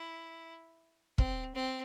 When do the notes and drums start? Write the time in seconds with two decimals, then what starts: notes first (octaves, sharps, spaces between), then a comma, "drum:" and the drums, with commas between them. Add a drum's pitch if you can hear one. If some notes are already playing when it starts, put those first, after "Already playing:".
Already playing: E4
1.18 C4, drum: kick
1.55 C4